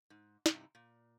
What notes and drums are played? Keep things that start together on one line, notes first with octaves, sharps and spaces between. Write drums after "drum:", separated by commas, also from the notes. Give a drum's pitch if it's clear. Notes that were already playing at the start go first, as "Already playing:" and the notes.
G#2
G2 C3 D#4 E4, drum: snare
A#2